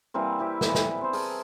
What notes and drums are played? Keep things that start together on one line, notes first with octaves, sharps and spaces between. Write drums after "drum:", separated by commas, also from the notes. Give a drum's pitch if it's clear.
E3 G3 A#3 C4
C4 E4 G4 E5
B3, drum: snare
drum: snare
C4 C5
G#4 A#4 A5, drum: open hi-hat